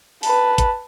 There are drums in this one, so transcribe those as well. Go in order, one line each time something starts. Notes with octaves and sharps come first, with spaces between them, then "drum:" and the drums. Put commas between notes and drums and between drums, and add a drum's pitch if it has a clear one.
B4 A5, drum: open hi-hat
drum: kick, hi-hat